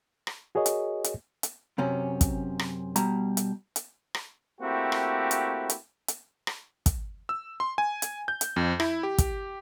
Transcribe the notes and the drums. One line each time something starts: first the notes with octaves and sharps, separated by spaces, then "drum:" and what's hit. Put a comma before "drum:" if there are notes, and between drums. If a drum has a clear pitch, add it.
drum: rim click
F#4 G#4 A#4 C#5 D#5
drum: hi-hat
drum: hi-hat
drum: hi-hat
F#2 C3 C#4
drum: kick, hi-hat
drum: rim click
B2 G3 A#5, drum: hi-hat
drum: hi-hat
drum: hi-hat
drum: rim click
A3 A#3 C4 E4 F#4 G4
drum: rim click
drum: hi-hat
drum: hi-hat
drum: hi-hat
drum: rim click
drum: kick, hi-hat
E6
C6
G#5
drum: hi-hat
G6
drum: hi-hat
F2
E4, drum: rim click
G4
drum: kick, hi-hat